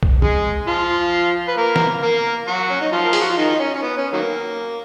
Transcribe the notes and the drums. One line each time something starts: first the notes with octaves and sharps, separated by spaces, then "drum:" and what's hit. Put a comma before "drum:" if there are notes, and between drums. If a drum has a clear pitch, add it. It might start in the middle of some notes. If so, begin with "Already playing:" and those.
drum: kick B1
G#3 G#4, drum: tom
F3 F4
B4
A#3 A#4
drum: snare
A#3 A#4
F#3 F#4
C#4
D#4
F3 F4
A#4
G#4, drum: open hi-hat
F#4
F4
D#3 D#4
D#4
C#4
C#4
B3
C#4
D#3 F#3 A#3